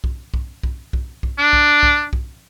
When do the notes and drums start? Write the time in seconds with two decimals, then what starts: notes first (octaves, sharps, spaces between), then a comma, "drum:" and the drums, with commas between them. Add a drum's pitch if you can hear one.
0.04 drum: kick B1
0.34 drum: kick B1
0.63 drum: kick B1
0.93 drum: kick B1
1.23 drum: kick B1
1.38 D4
1.53 drum: kick B1
1.83 drum: kick B1
2.13 drum: kick B1